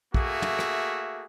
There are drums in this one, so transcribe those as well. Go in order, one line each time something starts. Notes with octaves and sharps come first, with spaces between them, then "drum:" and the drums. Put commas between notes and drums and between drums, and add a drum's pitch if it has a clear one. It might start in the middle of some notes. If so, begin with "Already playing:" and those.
A3 A#3 F#4 G#4 E5, drum: kick
drum: tom
drum: rim click